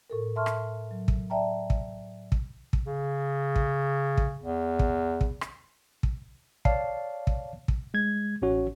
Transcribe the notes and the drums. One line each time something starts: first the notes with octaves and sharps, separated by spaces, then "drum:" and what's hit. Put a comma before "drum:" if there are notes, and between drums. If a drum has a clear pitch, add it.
A2 A4 A#4
E5 A5 C6 C#6 F6
drum: rim click
F#3
drum: kick
D5 E5 G5 A5 A#5
drum: kick
drum: kick
drum: kick
C#3
drum: kick
drum: kick
E2
drum: kick
drum: kick
drum: rim click
drum: kick
C#5 D5 F5 A5 C7, drum: kick
drum: kick
drum: kick
G#3 G#6
A1 C#4 F#4 C#5